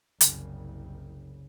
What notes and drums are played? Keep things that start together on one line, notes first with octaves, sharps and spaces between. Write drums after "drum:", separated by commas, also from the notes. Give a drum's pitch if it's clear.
F#1 C2 C#3, drum: hi-hat